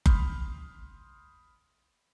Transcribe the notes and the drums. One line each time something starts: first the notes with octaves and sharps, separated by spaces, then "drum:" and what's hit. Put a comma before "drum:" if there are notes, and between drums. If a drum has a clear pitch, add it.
B5 C6 D#6 F6 G6, drum: kick F#1